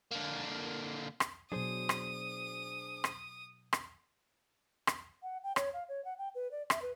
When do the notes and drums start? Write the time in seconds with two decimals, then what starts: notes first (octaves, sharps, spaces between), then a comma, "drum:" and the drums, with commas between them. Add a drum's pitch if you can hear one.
0.11 D3 A#3
1.20 drum: rim click
1.52 B2 F#3 D4 G#4 C5 D#6
1.89 drum: rim click
3.04 drum: rim click
3.73 drum: rim click
4.87 drum: rim click
5.23 F#5
5.43 G5
5.56 C#5, drum: rim click
5.73 F5
5.89 C#5
6.05 F#5
6.18 G5
6.35 B4
6.52 D5
6.70 E5, drum: rim click
6.82 B4